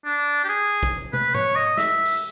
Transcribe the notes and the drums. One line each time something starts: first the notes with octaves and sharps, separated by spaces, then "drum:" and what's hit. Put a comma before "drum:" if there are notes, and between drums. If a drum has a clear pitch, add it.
D4
G4
G#4
drum: kick
B4, drum: tom
C#5, drum: tom G#2
D#5
E5, drum: snare
drum: open hi-hat